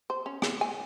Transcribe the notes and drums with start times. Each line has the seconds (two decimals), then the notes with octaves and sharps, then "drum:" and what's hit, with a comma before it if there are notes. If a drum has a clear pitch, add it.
0.10 C5
0.26 C#4
0.42 G#4, drum: rim click
0.61 G#5